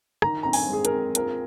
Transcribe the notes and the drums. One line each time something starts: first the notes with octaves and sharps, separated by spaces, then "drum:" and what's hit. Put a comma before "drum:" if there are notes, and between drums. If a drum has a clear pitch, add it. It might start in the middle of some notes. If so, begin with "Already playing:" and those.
D#3 A#5, drum: rim click
C4 A#5
G#5, drum: open hi-hat
G#3 G#4
A#4, drum: hi-hat
C4
F4 A#4, drum: hi-hat